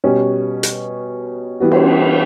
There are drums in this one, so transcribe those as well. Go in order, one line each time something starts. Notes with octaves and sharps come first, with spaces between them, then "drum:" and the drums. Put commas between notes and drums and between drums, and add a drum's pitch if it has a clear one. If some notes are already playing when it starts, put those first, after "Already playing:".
B2 G3 C#4
drum: hi-hat
E3 G3 B3 F#4
drum: cymbal